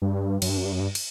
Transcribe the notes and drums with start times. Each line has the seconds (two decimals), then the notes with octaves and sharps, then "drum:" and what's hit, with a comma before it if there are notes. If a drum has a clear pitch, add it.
0.02 G2
0.42 F#2, drum: cymbal
0.49 G2
0.57 F#2
0.65 G2
0.72 F#2
0.80 G2
0.95 drum: cymbal